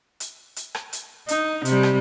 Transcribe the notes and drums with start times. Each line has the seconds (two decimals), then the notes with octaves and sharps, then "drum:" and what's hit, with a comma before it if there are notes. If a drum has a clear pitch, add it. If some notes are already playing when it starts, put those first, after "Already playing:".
0.20 drum: hi-hat
0.56 drum: hi-hat
0.75 drum: rim click
0.93 drum: hi-hat
1.28 D#4, drum: hi-hat
1.65 C3 G3, drum: hi-hat
1.83 drum: rim click